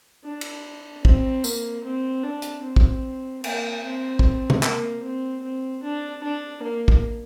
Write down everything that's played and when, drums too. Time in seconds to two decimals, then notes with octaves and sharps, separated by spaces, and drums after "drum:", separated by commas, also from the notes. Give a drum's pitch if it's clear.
0.24 D4
0.41 drum: cymbal
1.05 C4, drum: kick
1.44 A#3, drum: tambourine
1.84 C4
2.23 D4
2.42 drum: hi-hat
2.64 C4
2.76 drum: kick
3.44 A#3, drum: cymbal
3.84 C4
4.19 drum: kick
4.50 drum: tom
4.63 A#3, drum: clap
5.03 C4
5.43 C4
5.83 D4
6.23 D4
6.63 A#3
6.88 drum: kick